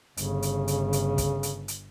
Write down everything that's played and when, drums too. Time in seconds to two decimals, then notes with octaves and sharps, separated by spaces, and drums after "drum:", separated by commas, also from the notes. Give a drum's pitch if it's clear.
0.17 G1 C#3, drum: hi-hat
0.42 drum: hi-hat
0.68 drum: hi-hat
0.93 drum: hi-hat
1.18 drum: kick, hi-hat
1.43 drum: hi-hat
1.68 drum: hi-hat